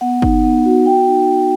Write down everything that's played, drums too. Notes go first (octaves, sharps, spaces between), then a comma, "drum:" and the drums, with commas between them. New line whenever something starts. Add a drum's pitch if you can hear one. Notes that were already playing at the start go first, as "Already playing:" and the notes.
B3 F#5
D#4, drum: kick G1
B3 F#5
F#4
B3 G5
D#4